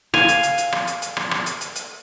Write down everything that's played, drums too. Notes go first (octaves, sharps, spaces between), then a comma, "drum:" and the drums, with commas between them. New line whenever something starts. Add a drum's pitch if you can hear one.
F5 G#5, drum: rim click
drum: hi-hat
drum: hi-hat
drum: hi-hat
drum: rim click
drum: hi-hat
drum: hi-hat
drum: rim click
drum: rim click
drum: hi-hat
drum: hi-hat
drum: hi-hat